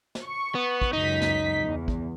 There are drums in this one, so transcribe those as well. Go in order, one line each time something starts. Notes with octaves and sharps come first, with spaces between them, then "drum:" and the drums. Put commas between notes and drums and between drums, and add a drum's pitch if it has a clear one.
drum: snare
C#6
B3
drum: kick
C#2 F#2 D#4 B6
drum: snare
E2
drum: kick